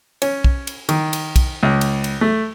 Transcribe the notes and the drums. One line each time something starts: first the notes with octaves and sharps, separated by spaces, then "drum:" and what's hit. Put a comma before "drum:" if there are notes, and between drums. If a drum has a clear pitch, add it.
C#4, drum: cymbal
drum: kick
drum: cymbal
D#3, drum: cymbal
drum: cymbal
drum: kick, cymbal
C#2
drum: cymbal
drum: cymbal
A3